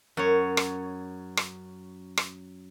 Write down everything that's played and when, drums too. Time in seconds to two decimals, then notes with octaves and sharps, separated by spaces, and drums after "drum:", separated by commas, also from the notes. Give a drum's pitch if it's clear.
0.17 F#2 C#5
0.57 drum: rim click
1.37 drum: rim click
2.17 drum: rim click